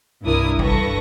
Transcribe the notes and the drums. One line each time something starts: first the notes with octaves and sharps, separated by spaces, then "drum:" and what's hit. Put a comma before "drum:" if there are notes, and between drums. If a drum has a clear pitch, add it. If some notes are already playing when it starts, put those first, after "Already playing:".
C2 G2 D4 E4 A#4 D#6
G2 A4 B4 C#6 A#6, drum: kick